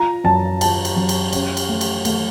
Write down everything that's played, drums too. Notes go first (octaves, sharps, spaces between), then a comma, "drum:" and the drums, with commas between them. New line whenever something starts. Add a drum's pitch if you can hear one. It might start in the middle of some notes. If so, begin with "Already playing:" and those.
Already playing: F4 A#5
F#2 A5
F4 A5, drum: cymbal
drum: cymbal
F#2
drum: cymbal
C#4, drum: cymbal
drum: cymbal
A3
drum: cymbal
A3, drum: cymbal